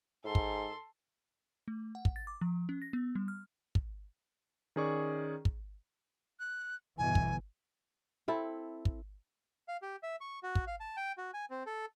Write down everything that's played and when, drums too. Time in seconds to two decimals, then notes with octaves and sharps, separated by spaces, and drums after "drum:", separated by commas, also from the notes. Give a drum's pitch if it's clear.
0.25 G#2 A4 C6
0.35 drum: kick
1.68 A3
1.95 F#5
2.05 drum: kick
2.16 A6
2.27 D6
2.41 F3
2.69 C#4
2.82 A#6
2.93 B3
3.15 G3
3.28 F6
3.75 drum: kick
4.76 D#3 C#4 G#4 D5 C#6
5.45 drum: kick
6.40 F#6
6.98 G1 B2 E3 G#5
7.15 drum: kick
8.28 C4 E4 A4
8.85 drum: kick
9.68 F5
9.82 G4
10.03 E5
10.21 C#6
10.43 F#4
10.55 drum: kick
10.67 F5
10.80 A5
10.97 G5
11.18 F#4
11.34 G#5
11.50 C4
11.66 A4